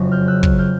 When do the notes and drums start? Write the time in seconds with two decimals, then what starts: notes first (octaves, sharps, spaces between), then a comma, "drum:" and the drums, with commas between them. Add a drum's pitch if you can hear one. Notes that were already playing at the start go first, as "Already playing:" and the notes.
Already playing: F#1 F2 C#3 F#3
0.11 F6 G6
0.28 E6 F#6
0.43 drum: kick
0.58 F6 G6